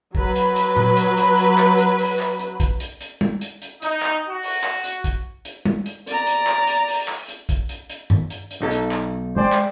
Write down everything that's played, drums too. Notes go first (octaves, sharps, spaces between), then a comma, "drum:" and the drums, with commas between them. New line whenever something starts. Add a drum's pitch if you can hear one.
F#3 B4, drum: kick
drum: hi-hat
drum: hi-hat
drum: tom A#2
drum: hi-hat
drum: hi-hat
drum: hi-hat
drum: clap
drum: hi-hat
drum: open hi-hat
drum: clap
drum: hi-hat
drum: kick, hi-hat
drum: hi-hat
drum: hi-hat
drum: tom
drum: hi-hat
drum: hi-hat
D#4, drum: hi-hat
drum: clap
F#4
drum: open hi-hat
drum: clap
drum: hi-hat
drum: kick, hi-hat
drum: hi-hat
drum: tom
drum: hi-hat
D5 A#5, drum: hi-hat
drum: hi-hat
drum: clap
drum: hi-hat
drum: open hi-hat
drum: clap
drum: hi-hat
drum: kick, hi-hat
drum: hi-hat
drum: hi-hat
drum: tom G2
drum: hi-hat
drum: hi-hat
B1 D#4 A4
drum: hi-hat
drum: clap
G#3 C5 D5 G5
drum: clap